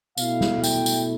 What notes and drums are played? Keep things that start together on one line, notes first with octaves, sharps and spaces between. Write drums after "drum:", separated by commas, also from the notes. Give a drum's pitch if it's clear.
B2 A3 E4 F5, drum: tambourine
drum: snare
G5, drum: tambourine
drum: tambourine